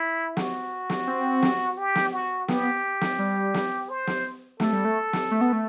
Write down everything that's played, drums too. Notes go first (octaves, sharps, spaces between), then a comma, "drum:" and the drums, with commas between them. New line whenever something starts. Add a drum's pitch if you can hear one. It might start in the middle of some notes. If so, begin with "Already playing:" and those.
Already playing: E4
F#4, drum: snare
drum: snare
C4
drum: snare
G4
drum: snare
F#4
B3 G4, drum: snare
drum: snare
G3
drum: snare
C5
drum: snare
A3 A4, drum: snare
G3
A3
drum: snare
A3
B3
A3